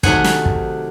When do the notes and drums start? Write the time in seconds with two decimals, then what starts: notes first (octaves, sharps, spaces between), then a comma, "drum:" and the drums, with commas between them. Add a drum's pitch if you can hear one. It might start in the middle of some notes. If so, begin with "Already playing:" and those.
0.03 C3 D#3 F#3 A3 F#5 G#5, drum: kick
0.24 drum: snare
0.46 drum: kick